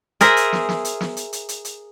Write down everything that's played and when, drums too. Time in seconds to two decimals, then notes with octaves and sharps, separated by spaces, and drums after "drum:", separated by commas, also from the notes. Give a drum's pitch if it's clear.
0.21 G#4 A#4 C5 E5, drum: hi-hat
0.37 drum: hi-hat
0.53 drum: snare
0.69 drum: snare
0.85 drum: hi-hat
1.01 drum: snare
1.17 drum: hi-hat
1.33 drum: hi-hat
1.49 drum: hi-hat
1.65 drum: hi-hat